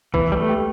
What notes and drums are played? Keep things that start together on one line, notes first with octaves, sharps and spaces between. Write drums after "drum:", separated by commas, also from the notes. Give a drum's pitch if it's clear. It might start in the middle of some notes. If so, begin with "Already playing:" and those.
E3 B3, drum: kick B1
G3
A3
G4